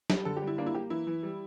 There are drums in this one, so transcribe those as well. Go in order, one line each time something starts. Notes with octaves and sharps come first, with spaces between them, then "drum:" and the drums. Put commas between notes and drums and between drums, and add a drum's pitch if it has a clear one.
G3, drum: snare
D3 A4
G4
G3
E4
A#3 D4
E4
A#3 G4
E3 E4
E3
G3